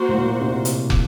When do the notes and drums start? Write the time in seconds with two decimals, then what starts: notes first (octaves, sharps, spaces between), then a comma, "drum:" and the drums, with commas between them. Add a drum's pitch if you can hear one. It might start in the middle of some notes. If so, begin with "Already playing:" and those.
Already playing: A#3 F#4 C5
0.09 A2
0.14 A#2
0.40 C3
0.65 drum: hi-hat
0.90 drum: kick